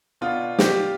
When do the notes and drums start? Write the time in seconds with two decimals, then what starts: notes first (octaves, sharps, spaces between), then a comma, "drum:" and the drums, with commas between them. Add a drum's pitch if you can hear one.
0.21 B2 B3 D4 F4
0.59 G4, drum: snare